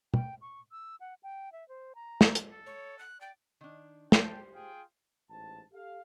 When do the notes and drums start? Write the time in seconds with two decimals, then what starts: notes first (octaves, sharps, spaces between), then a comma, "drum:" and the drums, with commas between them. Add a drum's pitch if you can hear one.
0.14 G5, drum: tom
0.42 C#6
0.71 E6
1.00 F#5
1.23 G5
1.52 E5
1.69 C5
1.95 A#5
2.21 drum: snare
2.35 drum: hi-hat
2.51 A4
2.66 C#5
2.99 F#6
3.21 D5 G5
3.61 D#3 D4
4.12 G4 C5 G5 A5, drum: snare
4.53 F4 G#4 G5
5.30 A1 G#2 A5
5.73 G4 A4 F5